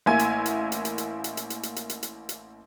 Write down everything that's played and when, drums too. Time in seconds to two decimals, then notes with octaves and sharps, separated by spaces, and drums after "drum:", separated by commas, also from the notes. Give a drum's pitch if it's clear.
0.06 A1 A#3 E4 G#5 G#6
0.19 drum: hi-hat
0.46 drum: hi-hat
0.72 drum: hi-hat
0.85 drum: hi-hat
0.98 drum: hi-hat
1.24 drum: hi-hat
1.37 drum: hi-hat
1.50 drum: hi-hat
1.63 drum: hi-hat
1.76 drum: hi-hat
1.89 drum: hi-hat
2.03 drum: hi-hat
2.29 drum: hi-hat